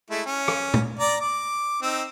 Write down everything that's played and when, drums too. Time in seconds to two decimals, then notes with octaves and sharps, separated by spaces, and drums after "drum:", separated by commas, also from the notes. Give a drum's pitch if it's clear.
0.11 G#3 A3 E4
0.26 C#4
0.48 drum: rim click
0.74 drum: tom
1.00 D5 A#5
1.20 D6
1.82 C4 D#4 E6